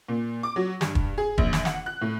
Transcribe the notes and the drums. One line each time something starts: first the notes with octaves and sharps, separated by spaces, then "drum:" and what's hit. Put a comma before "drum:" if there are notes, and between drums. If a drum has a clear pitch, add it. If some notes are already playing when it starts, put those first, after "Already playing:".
A#2
D6
F#3
G2, drum: snare
drum: kick
G#4
A#1, drum: kick
drum: snare
F#5, drum: snare
F#6
A2